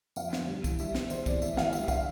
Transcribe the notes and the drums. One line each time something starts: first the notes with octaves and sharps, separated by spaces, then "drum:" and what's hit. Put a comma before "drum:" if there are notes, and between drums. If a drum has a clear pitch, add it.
F2 F5, drum: tambourine
D3, drum: snare
G2
E3, drum: kick, tambourine
G2 E5, drum: tambourine
D3, drum: snare
E2 C5, drum: tambourine
C3 E3 D5, drum: kick, tambourine
A2 E5, drum: tambourine
E3 F5, drum: snare
G2 E5, drum: tambourine
E5
D3 F5, drum: kick, tambourine